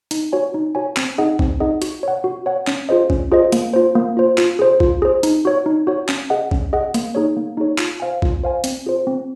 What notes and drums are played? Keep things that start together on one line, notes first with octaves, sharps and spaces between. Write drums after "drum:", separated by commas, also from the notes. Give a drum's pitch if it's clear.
D#4, drum: hi-hat
F#4 C#5 G#5
D#4
F#4 C#5 G#5
C4, drum: clap
D#4 G#4 D#5 F#5
C4, drum: kick A#1
D#4 G#4 D#5 F#5
F#4, drum: hi-hat
C#5 F#5
F#4
C#5 F#5
C#4, drum: clap
F4 G#4 C5 D#5
C#4, drum: kick A#1
F4 G#4 C5 D#5
A#3, drum: hi-hat
F4 C5
A#3
F4 C5
F4, drum: clap
G#4 C5
F4, drum: kick A#1
G#4 C5
D#4, drum: hi-hat
F#4 C#5
D#4
F#4 C#5
C#4, drum: clap
G#4 D#5 F#5
C#4, drum: kick A#1
G#4 D#5 F#5
A#3, drum: hi-hat
D#4 G#4 C#5
A#3
D#4 G#4 C#5
F4, drum: clap
C5 F5 G#5
F4, drum: kick A#1
C5 F5 G#5
C4, drum: hi-hat
F4 G#4 C5
C4